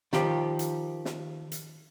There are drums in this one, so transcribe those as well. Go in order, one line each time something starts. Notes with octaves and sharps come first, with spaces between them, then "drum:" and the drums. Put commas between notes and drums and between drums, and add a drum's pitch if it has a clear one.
D#3 F3 G4, drum: snare
drum: hi-hat
drum: snare
drum: hi-hat